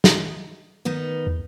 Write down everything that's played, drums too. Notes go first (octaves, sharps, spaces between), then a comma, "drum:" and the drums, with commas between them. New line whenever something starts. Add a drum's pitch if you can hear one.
drum: snare
D#3 B3 D#4
E2